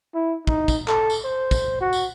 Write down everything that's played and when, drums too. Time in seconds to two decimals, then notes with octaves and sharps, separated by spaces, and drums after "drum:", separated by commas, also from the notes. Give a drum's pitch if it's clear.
0.15 E4
0.47 D#4, drum: kick
0.68 drum: kick, tambourine
0.88 A4, drum: clap
1.10 drum: tambourine
1.24 C5
1.51 drum: kick, tambourine
1.81 F#4
1.93 drum: tambourine